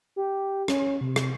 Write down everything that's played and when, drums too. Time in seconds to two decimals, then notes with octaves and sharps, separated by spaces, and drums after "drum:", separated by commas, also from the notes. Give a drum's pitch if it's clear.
0.16 G4
0.68 C#4, drum: rim click
1.01 C3
1.16 drum: rim click